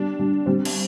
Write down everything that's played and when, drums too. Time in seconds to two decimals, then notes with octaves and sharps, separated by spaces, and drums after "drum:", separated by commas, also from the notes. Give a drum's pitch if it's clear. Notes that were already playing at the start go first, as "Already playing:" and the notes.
Already playing: G3 D4
0.19 G3
0.46 G3 C4
0.65 drum: cymbal